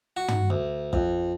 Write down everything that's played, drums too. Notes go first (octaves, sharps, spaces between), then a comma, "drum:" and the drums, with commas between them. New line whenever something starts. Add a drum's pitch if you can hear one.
F#4
drum: tom
D2
F2, drum: kick